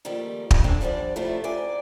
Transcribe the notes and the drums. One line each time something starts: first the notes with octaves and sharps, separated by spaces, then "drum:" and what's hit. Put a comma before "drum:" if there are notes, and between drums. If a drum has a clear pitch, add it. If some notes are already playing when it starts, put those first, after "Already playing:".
D#3 F3 G3 A3 A#3
drum: kick
A#3 C4 D4 G#4 A4 F5
D3 F3 G3 C5 D5
A2 C3 G3 A3 E4 F4
G#2 C4 D5 G#5